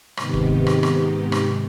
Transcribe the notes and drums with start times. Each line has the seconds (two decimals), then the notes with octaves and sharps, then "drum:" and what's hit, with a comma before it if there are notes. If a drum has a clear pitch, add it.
0.17 G#2 C3 D#3 B3 D#4 G4, drum: rim click
0.34 drum: kick
0.67 drum: rim click
0.83 drum: rim click
1.32 drum: rim click